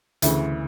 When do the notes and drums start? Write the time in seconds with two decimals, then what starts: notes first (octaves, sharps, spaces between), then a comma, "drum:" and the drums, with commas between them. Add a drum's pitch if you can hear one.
0.22 D2 C#3 E3 E5, drum: hi-hat